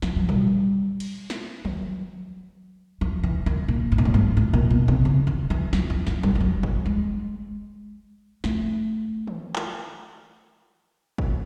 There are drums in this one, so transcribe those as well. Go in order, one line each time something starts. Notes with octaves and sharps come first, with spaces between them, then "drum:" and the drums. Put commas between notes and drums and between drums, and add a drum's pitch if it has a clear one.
F3, drum: snare
F#3
G3, drum: tom A2
drum: cymbal
drum: snare
F#3, drum: tom D#3
F3
E3
D#3
A#2
A2
A#2
A2, drum: tom E3
G#2
A2
A#2
B2
C3, drum: kick
C#3
D3
E3
F#3, drum: snare
F3
F#3, drum: snare
G3, drum: kick
G3
F#3
F#3, drum: kick
G#3
A3, drum: snare
drum: tom D#3
drum: clap
drum: kick